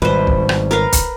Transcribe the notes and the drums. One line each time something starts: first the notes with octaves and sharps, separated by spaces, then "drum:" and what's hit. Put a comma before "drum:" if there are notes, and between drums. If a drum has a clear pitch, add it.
G#1 B2 G3 B4 C5
drum: kick
drum: rim click
A#4 B4 F5
drum: kick, hi-hat